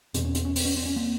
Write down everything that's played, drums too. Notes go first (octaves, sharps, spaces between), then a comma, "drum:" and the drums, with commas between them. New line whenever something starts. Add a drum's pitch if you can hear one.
E2 B2 C4, drum: hi-hat
C#4
C4, drum: hi-hat
C#4
C4, drum: open hi-hat
C#4
C4
C#4
A#3 C4